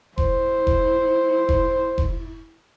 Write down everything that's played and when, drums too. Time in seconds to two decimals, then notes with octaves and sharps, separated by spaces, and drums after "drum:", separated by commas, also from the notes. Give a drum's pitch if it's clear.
0.18 E4 C5, drum: kick F1
0.67 drum: kick F1
1.49 drum: kick F1
1.98 drum: kick F1